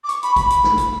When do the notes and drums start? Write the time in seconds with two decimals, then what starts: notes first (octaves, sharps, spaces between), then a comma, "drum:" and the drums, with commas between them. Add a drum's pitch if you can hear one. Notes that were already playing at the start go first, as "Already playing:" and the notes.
0.04 D6
0.09 C#6, drum: hi-hat
0.23 B5, drum: hi-hat
0.36 B5, drum: kick, hi-hat
0.50 drum: hi-hat
0.64 drum: snare
0.78 drum: kick, hi-hat